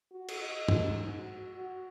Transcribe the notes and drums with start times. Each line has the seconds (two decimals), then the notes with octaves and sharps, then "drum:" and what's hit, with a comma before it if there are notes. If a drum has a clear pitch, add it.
0.11 F#4
0.28 drum: cymbal
0.42 D#5
0.68 drum: tom
0.79 G#2
1.18 F#4
1.56 F#4